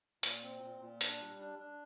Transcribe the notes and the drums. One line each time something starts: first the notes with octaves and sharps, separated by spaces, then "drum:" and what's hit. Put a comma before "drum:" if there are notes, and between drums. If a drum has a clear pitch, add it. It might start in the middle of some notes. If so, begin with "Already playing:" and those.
A#2, drum: hi-hat
C4
A#2
A#2
D4, drum: hi-hat
G3
D4
D4